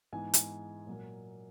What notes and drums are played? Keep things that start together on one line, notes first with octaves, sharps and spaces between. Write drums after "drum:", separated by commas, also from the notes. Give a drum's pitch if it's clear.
G#2 E3 G#3 B3 G#5
drum: hi-hat
A#2 F#3 A#3